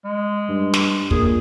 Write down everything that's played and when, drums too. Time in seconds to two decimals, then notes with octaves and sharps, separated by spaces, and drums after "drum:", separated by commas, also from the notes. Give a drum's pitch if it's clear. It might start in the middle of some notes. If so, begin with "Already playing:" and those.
0.04 G#3
0.49 G2
0.74 drum: snare
1.11 A#2 G#4, drum: kick